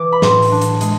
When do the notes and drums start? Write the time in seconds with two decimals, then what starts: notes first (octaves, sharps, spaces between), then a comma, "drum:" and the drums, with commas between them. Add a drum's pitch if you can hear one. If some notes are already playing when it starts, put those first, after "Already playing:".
Already playing: E3 D6
0.12 B5
0.22 A2 C6, drum: snare
0.42 drum: open hi-hat
0.52 D4
0.61 drum: hi-hat
0.81 G#3, drum: hi-hat